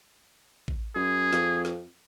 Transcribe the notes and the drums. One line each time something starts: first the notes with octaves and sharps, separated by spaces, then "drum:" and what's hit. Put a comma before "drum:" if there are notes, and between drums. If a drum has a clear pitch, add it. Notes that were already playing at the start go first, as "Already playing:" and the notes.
drum: kick A1
F#2 G#4
F2, drum: snare
drum: snare